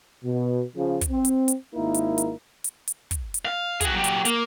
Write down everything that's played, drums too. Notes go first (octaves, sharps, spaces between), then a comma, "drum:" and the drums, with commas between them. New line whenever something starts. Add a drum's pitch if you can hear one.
B2
C#3 F3
drum: kick, hi-hat
C4
drum: hi-hat
drum: hi-hat
G#1 A#3 D#4 E4 A#4
drum: hi-hat
drum: hi-hat
drum: hi-hat
drum: hi-hat
drum: kick, hi-hat
drum: hi-hat
F5
F#4 G#4, drum: kick, hi-hat
F#3 G4
drum: hi-hat
A#3, drum: hi-hat